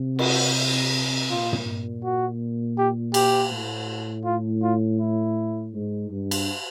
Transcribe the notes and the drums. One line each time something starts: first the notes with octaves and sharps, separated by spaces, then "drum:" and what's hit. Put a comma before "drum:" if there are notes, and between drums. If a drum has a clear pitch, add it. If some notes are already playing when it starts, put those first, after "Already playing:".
Already playing: C3
F#4, drum: cymbal
A#2 F4
drum: tom
F#4
G4
G4, drum: cymbal
A2
F4
F4
E4
G#2
G2
drum: cymbal